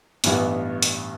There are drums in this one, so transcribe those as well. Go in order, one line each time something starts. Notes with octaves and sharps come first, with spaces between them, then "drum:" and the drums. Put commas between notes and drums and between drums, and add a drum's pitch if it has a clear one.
A1 G2 E3 B3, drum: hi-hat
drum: hi-hat